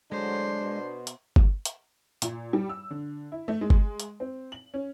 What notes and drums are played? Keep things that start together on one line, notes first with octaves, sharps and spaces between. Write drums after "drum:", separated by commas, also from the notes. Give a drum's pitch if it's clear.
A2 D3 F#3 G#3 D4 C5
B2
drum: hi-hat
drum: kick G1
drum: hi-hat
A#2, drum: hi-hat
G3
E6
D3
E4
A3
G#3
drum: kick G1
drum: hi-hat
C4
F#7
C#4